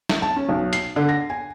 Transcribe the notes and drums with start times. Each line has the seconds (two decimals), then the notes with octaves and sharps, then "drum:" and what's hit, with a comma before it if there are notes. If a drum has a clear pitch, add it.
0.09 drum: snare
0.22 A5
0.36 C#4
0.49 B1
0.73 C7, drum: hi-hat
0.96 D3
1.09 A#6
1.30 G#5